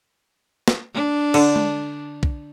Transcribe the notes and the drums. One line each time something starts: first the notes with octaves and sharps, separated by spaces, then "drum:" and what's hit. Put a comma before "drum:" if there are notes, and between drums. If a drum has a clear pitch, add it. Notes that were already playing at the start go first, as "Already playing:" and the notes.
drum: snare
D4
D3, drum: cymbal
drum: tom G#3
drum: kick